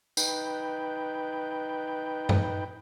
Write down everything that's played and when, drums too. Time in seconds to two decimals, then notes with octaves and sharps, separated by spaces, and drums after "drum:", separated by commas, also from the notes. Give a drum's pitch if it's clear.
0.17 D#4 B4 G5, drum: tambourine
2.29 drum: tom G2